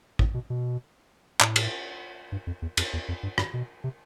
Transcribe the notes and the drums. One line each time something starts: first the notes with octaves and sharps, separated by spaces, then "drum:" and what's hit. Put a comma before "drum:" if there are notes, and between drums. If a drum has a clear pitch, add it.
A2, drum: kick
B2
B2
A2, drum: clap
drum: cymbal
G2
F2
E2
F2, drum: cymbal
E2
F2
G2
G2, drum: rim click
B2
C3